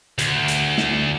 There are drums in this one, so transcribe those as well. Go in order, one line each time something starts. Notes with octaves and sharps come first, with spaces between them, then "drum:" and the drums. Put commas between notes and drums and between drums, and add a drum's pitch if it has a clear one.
D2, drum: hi-hat
drum: hi-hat
drum: snare